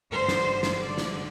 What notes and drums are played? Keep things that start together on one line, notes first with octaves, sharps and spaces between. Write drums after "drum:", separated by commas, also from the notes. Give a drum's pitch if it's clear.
G2 D3 C5
drum: snare
drum: snare
G2 D3 D5
drum: snare